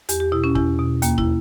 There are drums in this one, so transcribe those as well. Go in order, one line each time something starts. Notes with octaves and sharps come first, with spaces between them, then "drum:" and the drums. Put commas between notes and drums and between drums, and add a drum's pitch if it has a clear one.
E2 G4, drum: hi-hat
G4
B2 E4
C#4
E2 E4, drum: kick
B2
D#2 A#3, drum: hi-hat
E4, drum: kick